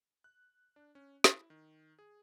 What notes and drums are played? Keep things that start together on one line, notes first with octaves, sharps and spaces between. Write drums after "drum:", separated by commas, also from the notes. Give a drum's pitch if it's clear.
F#6
D4
C#4
E4, drum: snare
D#3
G#4